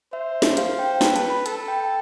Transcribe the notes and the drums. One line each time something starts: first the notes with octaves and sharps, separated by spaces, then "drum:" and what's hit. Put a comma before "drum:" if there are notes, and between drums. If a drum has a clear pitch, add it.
C5 E5
drum: snare
C5 F5, drum: hi-hat
G5
B4 A5, drum: snare
A5, drum: hi-hat
B5
A4 A5, drum: hi-hat
G5